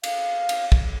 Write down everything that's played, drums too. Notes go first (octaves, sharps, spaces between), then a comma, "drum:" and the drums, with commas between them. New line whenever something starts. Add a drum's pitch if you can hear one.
F5, drum: cymbal
drum: cymbal
drum: kick